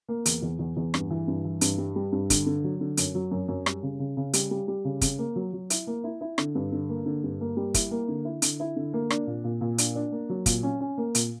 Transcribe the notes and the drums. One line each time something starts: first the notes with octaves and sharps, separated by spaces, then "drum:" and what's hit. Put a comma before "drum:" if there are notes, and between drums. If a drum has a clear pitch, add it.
A#3
E2, drum: hi-hat
E2
E2
E2
G2, drum: rim click
E3
G2
E3
G2, drum: hi-hat
G3
G3
G2
D3, drum: kick, hi-hat
D3
F#3
D3
F#2, drum: hi-hat
F#3
F#2
F#2
G3, drum: rim click
C#3
C#3
C#3
G3, drum: hi-hat
G3
G3
C#3
C#3, drum: kick, hi-hat
A#3
F#3
F#3
E4, drum: hi-hat
A#3
E4
E4
D3, drum: rim click
G2
D3
A#3
D3
G2
A#3
G3
E4, drum: kick, hi-hat
A#3
D3
E4
D3, drum: hi-hat
E4
D3
A#3
D4, drum: rim click
A#2
A#2
A#2
D4, drum: hi-hat
D4
A#3
F#3
A#2, drum: kick, hi-hat
C#4
C#4
A#3
A#2, drum: hi-hat